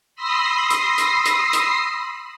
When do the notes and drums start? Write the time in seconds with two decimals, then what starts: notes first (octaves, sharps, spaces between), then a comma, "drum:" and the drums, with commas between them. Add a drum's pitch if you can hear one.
0.15 B5 C6 D#6 E6 A#6 C7
0.70 drum: hi-hat
0.98 drum: hi-hat
1.26 drum: hi-hat
1.53 drum: hi-hat